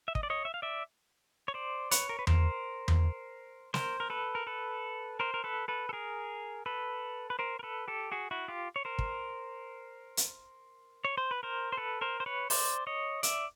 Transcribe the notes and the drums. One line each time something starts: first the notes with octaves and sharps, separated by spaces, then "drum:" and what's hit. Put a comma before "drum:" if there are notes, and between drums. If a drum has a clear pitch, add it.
E5
D#5, drum: kick
D5
C#5 D#5
E5
F5
D5 E5
C#5
C5 D5
B4 C#5, drum: hi-hat
A#4
B4
A#4 C5, drum: tom E2
drum: tom E2
A#4 C5, drum: snare
A#4
A4 B4
A#4
A4 B4
A#4 C5
A#4
A4 B4
A4 B4
A4
G#4 A#4
A4 B4
B4
A#4 C5
A#4
A4 B4
G4 A4
F#4 G#4
E4 F#4
F4 G4
C#5
A#4 C5
drum: kick
drum: hi-hat
C#5
C5
B4
A#4 C5
C5
A4 B4
A#4 C5
C5
B4 C#5
C5 D5, drum: open hi-hat
C#5 D#5
D5 E5, drum: hi-hat